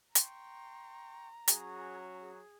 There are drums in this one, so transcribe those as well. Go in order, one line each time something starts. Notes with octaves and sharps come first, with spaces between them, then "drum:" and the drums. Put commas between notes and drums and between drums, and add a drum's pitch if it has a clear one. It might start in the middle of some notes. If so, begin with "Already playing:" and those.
G5 A#5 C6 C#6, drum: hi-hat
F#3 C#4 F#4 G#4, drum: hi-hat
G#4